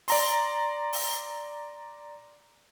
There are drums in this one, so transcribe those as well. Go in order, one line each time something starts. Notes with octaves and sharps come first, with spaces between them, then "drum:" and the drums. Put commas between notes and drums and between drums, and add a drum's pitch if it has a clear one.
D5 A#5 C6, drum: open hi-hat
drum: open hi-hat